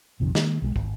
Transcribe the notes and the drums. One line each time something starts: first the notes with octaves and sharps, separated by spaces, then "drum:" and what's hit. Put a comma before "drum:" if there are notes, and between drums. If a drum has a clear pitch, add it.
A#1 F2 C3 D#3
D#3 A#3, drum: snare
B1 G3 G#3
G#1, drum: kick